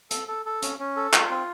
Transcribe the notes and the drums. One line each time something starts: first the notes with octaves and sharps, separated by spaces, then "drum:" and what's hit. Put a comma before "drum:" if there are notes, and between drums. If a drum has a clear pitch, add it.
A4, drum: hi-hat
A4
A4
C#4, drum: hi-hat
C#4
A4
F4, drum: clap
C4